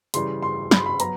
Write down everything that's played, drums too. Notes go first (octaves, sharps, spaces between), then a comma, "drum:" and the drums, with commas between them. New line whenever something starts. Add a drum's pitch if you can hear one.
C#3 E3 G3 C6, drum: hi-hat
C6
B5, drum: snare
C6
B5
F#3 B3 A#5, drum: hi-hat